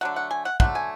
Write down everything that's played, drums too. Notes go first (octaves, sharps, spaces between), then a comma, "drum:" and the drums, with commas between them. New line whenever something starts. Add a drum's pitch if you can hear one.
D3 F#3 A3 F#5
F#5
G#5
F#5
D3 F#3 A3 F#5, drum: kick
G#5